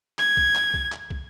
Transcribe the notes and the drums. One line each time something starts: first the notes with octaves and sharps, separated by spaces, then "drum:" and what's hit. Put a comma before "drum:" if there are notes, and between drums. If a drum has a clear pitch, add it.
G#6, drum: clap
drum: kick
drum: clap
drum: kick
drum: clap
drum: kick